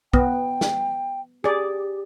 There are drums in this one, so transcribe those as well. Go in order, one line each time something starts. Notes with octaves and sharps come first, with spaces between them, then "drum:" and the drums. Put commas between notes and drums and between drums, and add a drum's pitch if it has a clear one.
B3 G5, drum: kick
drum: snare
G4 G#4 D5